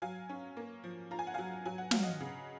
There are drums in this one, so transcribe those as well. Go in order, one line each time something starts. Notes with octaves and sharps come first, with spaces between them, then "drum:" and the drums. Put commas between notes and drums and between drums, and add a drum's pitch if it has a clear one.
F#3 F5 G#5
C#4
A#3
F3
F4 A#5
G#5
F#5
F#3 F5 G#5
F#3 G#5
F#5
F#3 F5, drum: snare
D#5 F#5
C#3